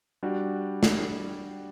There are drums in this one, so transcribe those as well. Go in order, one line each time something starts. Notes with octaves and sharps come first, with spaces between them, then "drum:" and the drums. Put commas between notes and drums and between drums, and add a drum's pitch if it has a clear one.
G3 D4 F#4
drum: snare